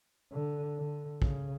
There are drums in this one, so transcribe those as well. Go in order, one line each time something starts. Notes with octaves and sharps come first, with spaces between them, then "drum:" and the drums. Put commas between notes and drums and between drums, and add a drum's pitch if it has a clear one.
D3
D3
C#3, drum: kick